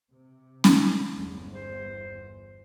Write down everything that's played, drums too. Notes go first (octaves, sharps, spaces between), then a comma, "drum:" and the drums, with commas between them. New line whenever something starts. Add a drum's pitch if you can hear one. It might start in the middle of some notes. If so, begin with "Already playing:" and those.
C3
drum: snare C#4
G1 E2
C5